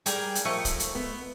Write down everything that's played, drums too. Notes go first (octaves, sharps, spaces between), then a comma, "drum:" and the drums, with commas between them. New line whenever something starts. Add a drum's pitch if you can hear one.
G3 G#4 A#4 G5, drum: hi-hat
drum: hi-hat
F3 A3 A#4 D#5 C#6
drum: kick, hi-hat
drum: hi-hat
B3